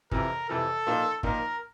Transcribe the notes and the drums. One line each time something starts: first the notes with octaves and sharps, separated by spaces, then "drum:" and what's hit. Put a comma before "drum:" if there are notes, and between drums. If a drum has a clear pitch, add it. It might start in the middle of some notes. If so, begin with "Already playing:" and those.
F2 C3 E3 A#4, drum: kick
F2 C3 E3 A4
A#2 F3 A#3 D#4
A#2 F3 A#3 D#4 A#4, drum: kick